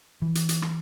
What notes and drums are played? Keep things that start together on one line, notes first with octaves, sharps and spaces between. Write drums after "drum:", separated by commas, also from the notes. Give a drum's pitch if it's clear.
E3
drum: hi-hat
drum: hi-hat
drum: rim click